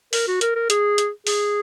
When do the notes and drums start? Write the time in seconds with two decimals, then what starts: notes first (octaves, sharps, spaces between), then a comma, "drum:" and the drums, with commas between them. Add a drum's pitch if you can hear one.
0.13 A#4, drum: open hi-hat
0.27 F#4
0.41 A#4, drum: hi-hat
0.56 A#4
0.70 G#4, drum: hi-hat
0.98 drum: hi-hat
1.27 G#4, drum: open hi-hat